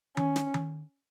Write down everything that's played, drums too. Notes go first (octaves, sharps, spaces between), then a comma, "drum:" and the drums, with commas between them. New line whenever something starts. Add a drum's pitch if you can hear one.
C#4, drum: tom D#3
drum: snare
drum: tom D#3